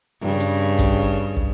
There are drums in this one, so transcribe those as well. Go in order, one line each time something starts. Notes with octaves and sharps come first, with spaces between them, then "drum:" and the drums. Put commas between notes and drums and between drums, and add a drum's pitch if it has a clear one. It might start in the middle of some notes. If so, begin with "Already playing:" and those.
G2 C#3
drum: hi-hat
drum: kick, hi-hat
drum: kick